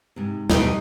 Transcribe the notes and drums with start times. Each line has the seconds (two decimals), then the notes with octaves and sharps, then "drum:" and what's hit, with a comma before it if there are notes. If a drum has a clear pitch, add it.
0.16 G#2 C3
0.50 D#2 B2 F3 G3 D#4, drum: snare